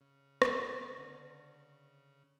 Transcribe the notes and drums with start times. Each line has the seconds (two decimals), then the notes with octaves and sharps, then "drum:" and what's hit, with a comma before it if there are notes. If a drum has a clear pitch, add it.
0.01 C#3
0.42 drum: rim click
0.97 D3